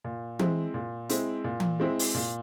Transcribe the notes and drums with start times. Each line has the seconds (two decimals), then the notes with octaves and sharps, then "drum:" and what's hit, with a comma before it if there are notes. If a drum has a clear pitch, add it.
0.04 A#2
0.39 G#3 C4 E4, drum: tom E3
0.74 A#2
1.09 G#3 C4 E4, drum: hi-hat
1.44 A#2
1.60 drum: tom E3
1.80 G#3 C4 E4
1.99 drum: open hi-hat
2.15 A#2